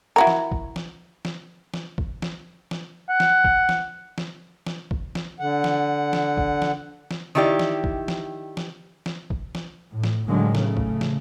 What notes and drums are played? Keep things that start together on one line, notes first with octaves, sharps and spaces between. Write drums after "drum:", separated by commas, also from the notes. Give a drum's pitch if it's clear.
E4 F#4 A#4
drum: snare
drum: kick
drum: snare
drum: snare
drum: snare
drum: kick
drum: snare
drum: snare
F#5
drum: snare
drum: kick
drum: snare
drum: snare
drum: snare
drum: kick
drum: snare
D3 F#5
drum: snare
drum: snare
drum: kick
drum: snare
drum: snare
D#3 D4 E4 G4 D5
drum: snare
drum: kick
drum: snare
drum: snare
drum: snare
drum: kick
drum: snare
A2
drum: snare
A2 D3 D#3 F#3 G#3
C#3 A3, drum: snare
drum: kick
drum: snare